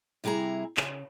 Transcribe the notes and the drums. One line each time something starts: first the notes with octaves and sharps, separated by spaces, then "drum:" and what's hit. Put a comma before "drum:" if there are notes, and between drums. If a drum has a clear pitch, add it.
C3 G3 E4 G#4 A#5
C#3, drum: clap